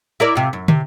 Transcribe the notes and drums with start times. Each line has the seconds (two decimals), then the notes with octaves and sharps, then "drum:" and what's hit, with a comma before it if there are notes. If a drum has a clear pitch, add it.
0.20 E4 A#4 D5
0.35 C3 F4
0.53 F#2
0.68 C3, drum: tom